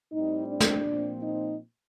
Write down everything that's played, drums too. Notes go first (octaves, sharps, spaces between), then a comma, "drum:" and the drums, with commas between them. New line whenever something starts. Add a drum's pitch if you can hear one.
A2 G3 C4 D#4
D4
drum: snare
A#2 F3 C4
D#4